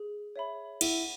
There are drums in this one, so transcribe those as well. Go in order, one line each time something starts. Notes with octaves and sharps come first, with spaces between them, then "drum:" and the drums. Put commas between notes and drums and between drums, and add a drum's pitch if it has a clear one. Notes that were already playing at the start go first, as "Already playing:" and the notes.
Already playing: G#4
C#5 E5 B5
E4 F#5, drum: cymbal